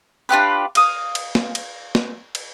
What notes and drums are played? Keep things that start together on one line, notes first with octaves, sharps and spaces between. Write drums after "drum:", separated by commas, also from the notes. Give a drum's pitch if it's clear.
D4 F4 G4 B4
F5 D#6, drum: cymbal
drum: cymbal
drum: snare
drum: cymbal
drum: snare
drum: cymbal